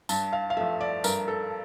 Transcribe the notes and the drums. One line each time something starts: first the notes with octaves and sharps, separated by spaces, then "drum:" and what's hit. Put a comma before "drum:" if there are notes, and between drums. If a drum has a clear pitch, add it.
G2 A5, drum: tambourine
F5
F5
F3 A3 E5
D5
G2 A#4, drum: tambourine
A4